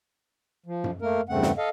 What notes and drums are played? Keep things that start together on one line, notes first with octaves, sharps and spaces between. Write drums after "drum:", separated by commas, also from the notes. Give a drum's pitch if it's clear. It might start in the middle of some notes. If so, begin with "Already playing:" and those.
F3
drum: tom F#2
A3 A#3 A#4
E2 G2 C#3 A3 C4 F#5
drum: snare
A4 D#5 F5